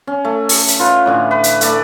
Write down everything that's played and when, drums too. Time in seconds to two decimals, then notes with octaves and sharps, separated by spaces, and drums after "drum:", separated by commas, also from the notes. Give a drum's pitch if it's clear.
0.07 C#4
0.25 A3
0.49 drum: open hi-hat
0.68 drum: hi-hat
0.79 F4 B4 C#5
1.06 A2 D3 E3
1.31 B4
1.44 drum: hi-hat
1.61 A3 D5, drum: hi-hat